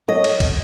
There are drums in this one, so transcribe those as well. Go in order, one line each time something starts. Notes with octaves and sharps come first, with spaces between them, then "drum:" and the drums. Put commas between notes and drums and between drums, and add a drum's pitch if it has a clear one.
F#3 D#5
drum: cymbal
drum: kick, cymbal